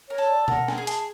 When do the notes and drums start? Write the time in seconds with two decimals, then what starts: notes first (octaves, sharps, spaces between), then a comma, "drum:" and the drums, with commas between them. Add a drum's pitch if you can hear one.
0.09 A#4 C#5
0.18 A4
0.28 D5
0.48 A#4 F#5, drum: tom B2
0.68 G#5, drum: snare
0.78 G#4
0.87 A5, drum: hi-hat